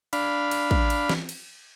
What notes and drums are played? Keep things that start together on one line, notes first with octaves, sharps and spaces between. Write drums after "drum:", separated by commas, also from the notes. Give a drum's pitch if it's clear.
D4 F5 B5, drum: cymbal
drum: cymbal
drum: kick
drum: cymbal
drum: snare
drum: cymbal